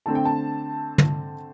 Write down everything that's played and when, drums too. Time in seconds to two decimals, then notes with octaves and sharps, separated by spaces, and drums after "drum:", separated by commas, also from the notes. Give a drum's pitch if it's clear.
0.06 D3 A3 C4 A5
0.15 G5
0.25 A5
0.98 drum: tom